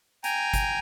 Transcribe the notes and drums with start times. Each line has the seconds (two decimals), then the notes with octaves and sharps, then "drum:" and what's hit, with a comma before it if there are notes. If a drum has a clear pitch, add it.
0.24 G5 G#5 A#5, drum: hi-hat
0.54 drum: kick G1, hi-hat